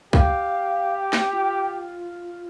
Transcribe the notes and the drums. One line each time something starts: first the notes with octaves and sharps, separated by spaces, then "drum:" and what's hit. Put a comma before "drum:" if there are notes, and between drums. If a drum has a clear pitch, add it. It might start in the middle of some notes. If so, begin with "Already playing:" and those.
G4 F5, drum: kick C2
drum: snare
F4